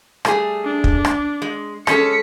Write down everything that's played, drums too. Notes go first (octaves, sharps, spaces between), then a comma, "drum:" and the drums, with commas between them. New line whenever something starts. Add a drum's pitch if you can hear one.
G3 A3 G#4, drum: rim click
D4
drum: kick
drum: rim click
G#3
G#3 C#4 A4 B6 C#7, drum: rim click